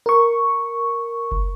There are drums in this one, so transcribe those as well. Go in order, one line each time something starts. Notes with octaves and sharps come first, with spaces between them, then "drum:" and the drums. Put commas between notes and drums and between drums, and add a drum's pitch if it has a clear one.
A#4 C#6
drum: kick F#1